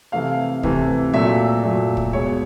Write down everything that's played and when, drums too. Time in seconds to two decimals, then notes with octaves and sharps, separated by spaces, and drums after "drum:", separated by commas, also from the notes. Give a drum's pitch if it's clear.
0.12 C3 E3 A3 F5
0.63 C3 E3 A3, drum: kick
1.13 A#2 F#3 A3 E5
1.63 A#2 F#3 A3
1.97 drum: kick
2.13 B2 G#3 C#5